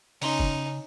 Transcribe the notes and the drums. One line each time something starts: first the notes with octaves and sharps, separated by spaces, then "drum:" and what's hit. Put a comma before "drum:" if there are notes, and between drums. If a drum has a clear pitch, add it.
C#3 C#4 D#4 A#5 C6, drum: open hi-hat
drum: kick